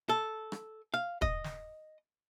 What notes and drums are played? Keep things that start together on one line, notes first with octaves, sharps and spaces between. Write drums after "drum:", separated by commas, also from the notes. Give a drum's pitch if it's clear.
A4
drum: rim click
F5
D#5, drum: kick
drum: snare